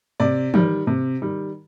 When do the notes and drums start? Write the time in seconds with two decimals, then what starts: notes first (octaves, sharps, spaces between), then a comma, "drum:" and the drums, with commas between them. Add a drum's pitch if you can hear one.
0.20 C3 D5
0.54 D#3 G3, drum: tom E3
0.87 C3
1.22 D#3 G3